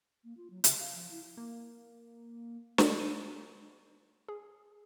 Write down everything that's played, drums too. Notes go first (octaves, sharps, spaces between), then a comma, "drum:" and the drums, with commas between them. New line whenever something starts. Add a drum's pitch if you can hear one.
A#3
F4
F#3
C#3, drum: hi-hat
F5
F3
E4
A#3
drum: snare
D#7
G#4